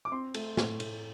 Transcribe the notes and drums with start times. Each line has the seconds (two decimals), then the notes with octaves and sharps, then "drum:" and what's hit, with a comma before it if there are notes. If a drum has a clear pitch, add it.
0.05 D6
0.12 C4 C6
0.34 A3, drum: cymbal
0.57 A2, drum: snare
0.80 A2, drum: cymbal